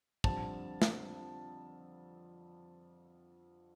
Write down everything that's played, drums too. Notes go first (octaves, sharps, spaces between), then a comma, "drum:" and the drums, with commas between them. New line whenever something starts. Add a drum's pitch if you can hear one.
F2 D3 G3 C4 A5, drum: kick
drum: snare